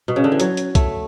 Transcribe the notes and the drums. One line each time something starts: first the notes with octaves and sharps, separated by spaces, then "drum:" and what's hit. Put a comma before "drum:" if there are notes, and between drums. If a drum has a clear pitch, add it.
B2
C#3
D3
E3
F#3, drum: hi-hat
drum: hi-hat
A3, drum: kick B1, hi-hat